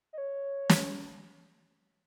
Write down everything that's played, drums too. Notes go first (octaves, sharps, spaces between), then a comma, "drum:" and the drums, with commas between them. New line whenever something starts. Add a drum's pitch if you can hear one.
D#5
C#5
drum: snare